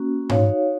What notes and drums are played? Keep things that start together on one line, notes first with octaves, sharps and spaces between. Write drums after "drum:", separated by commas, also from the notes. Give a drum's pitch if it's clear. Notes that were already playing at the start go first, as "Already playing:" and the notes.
Already playing: A#3 C#4 F#4
D#4 F#4 C#5 F5, drum: tom G#2